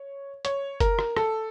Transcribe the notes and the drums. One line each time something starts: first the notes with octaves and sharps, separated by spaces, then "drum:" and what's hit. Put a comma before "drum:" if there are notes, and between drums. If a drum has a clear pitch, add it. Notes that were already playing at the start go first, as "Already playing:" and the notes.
Already playing: C#5
C#5, drum: hi-hat
A#4, drum: kick F#1, hi-hat
drum: rim click
A4, drum: rim click